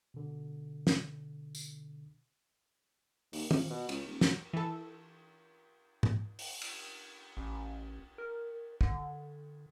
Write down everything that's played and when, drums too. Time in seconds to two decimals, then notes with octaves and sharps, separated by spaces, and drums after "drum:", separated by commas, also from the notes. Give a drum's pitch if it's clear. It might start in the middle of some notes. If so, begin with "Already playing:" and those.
0.14 B2 D3
0.87 drum: snare
1.55 drum: tambourine
3.33 D#2, drum: open hi-hat
3.51 F3, drum: tom
3.70 B2
3.89 C#2, drum: cymbal
4.05 D#1
4.21 F#3, drum: snare
4.53 E3 A4
6.03 drum: tom G#2
6.39 drum: open hi-hat
6.62 drum: cymbal
7.37 A1
8.18 A#4
8.81 D3, drum: kick